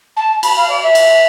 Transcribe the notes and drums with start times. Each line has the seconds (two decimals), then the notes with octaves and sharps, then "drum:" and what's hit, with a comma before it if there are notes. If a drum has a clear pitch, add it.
0.16 A5
0.43 B5, drum: cymbal
0.56 F5
0.68 D5
0.82 E5
0.95 drum: cymbal